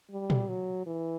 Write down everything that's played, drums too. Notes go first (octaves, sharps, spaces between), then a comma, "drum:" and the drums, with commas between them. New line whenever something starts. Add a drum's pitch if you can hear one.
G3
drum: tom A#2
F#3
E3